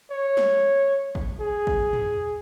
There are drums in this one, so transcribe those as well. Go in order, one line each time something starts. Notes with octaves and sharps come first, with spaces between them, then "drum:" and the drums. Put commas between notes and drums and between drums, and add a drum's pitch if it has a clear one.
C#5
drum: snare
drum: kick G#1
G#4
drum: kick G#1
drum: tom